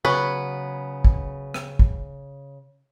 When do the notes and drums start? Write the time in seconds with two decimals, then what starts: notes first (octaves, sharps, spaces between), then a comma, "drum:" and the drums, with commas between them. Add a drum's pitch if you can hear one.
0.05 C#3 F#3 B3 B4
1.04 drum: kick
1.54 drum: rim click
1.79 drum: kick